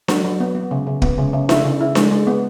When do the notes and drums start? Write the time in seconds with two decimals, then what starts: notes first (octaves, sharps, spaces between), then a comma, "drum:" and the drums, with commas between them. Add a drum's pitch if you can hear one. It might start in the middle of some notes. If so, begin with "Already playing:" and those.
0.08 F#3, drum: snare D4
0.24 F#3
0.40 B3
0.55 B3
0.71 C#3
0.87 C#3
1.02 B3, drum: kick
1.18 C#3
1.33 C#3
1.49 E4, drum: snare D4
1.64 C#3
1.80 E4
1.95 G#3, drum: snare D4
2.11 G#3
2.27 B3